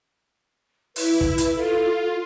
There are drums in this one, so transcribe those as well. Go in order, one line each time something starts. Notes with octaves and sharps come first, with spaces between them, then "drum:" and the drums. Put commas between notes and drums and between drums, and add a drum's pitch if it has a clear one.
E4 B4, drum: open hi-hat
drum: kick
drum: hi-hat
F4 A4